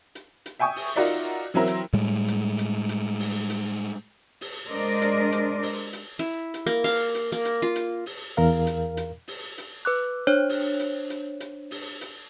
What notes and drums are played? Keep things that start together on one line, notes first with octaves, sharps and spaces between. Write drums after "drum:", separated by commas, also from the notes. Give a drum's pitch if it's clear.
drum: hi-hat
drum: hi-hat
E5 G5 G#5 C#6 D#6
drum: open hi-hat
D#4 F4 F#4 A#4 D5 E5
drum: hi-hat
E3 F#3 C4 E4 A#4
drum: hi-hat
A2 G3 G#3
drum: hi-hat
drum: hi-hat
drum: hi-hat
drum: open hi-hat
drum: hi-hat
drum: open hi-hat
G#3 D4 A#4 C5 D5 D#5
drum: hi-hat
drum: hi-hat
drum: open hi-hat
drum: hi-hat
E4
drum: hi-hat
A#3
F5, drum: open hi-hat
drum: hi-hat
A#3
drum: hi-hat
F4
drum: hi-hat
drum: open hi-hat
E2 A#4 F5
drum: hi-hat
drum: hi-hat
drum: open hi-hat
drum: hi-hat
B4 D6 F#6
D4 C5 C#5 F#6
drum: open hi-hat
drum: hi-hat
drum: hi-hat
drum: hi-hat
drum: open hi-hat
drum: hi-hat